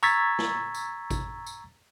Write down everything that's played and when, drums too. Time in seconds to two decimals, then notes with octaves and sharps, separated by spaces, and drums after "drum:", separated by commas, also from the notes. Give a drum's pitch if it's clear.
0.03 A#5 C#6 E6 G#6 A6 B6, drum: tambourine
0.39 drum: snare
0.75 drum: tambourine
1.10 drum: kick G#1, tambourine
1.46 drum: tambourine